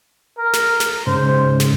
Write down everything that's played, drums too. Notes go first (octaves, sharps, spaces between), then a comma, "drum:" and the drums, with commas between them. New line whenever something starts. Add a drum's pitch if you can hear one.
A#4
drum: snare
drum: snare
G#2 C#3 C5
drum: snare